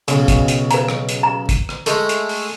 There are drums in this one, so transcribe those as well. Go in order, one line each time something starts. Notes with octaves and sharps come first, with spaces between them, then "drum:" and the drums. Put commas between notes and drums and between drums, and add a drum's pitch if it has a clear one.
B1 C#3, drum: hi-hat
drum: kick, hi-hat
drum: hi-hat
B4 A#5, drum: hi-hat
drum: rim click
drum: hi-hat
A#5
drum: kick, hi-hat
drum: rim click
G#3 A3, drum: hi-hat
drum: hi-hat
drum: open hi-hat